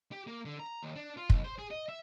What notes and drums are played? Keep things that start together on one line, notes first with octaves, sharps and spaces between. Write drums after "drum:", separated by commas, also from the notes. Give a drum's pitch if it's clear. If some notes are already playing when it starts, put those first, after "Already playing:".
G4
A#3
D3
A#5
D#2
D4
F4
B1, drum: kick
C5
G#4
D#5
E5